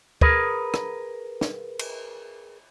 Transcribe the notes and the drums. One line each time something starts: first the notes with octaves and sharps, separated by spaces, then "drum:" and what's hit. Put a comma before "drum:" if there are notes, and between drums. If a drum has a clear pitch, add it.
G#4 A#4 B4, drum: kick
drum: rim click
drum: snare
drum: cymbal